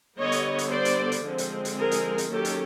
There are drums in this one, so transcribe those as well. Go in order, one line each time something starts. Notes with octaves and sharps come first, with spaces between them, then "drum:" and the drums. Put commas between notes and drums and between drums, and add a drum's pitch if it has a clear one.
D3 G3 B3 C#5 D#5
drum: hi-hat
drum: hi-hat
C5 D5
drum: hi-hat
drum: hi-hat
D3 F3 G#3 C4
drum: hi-hat
drum: hi-hat
G#4 A#4
drum: hi-hat
drum: hi-hat
D#3 F#3 A#3 C#4 G4 A4
drum: hi-hat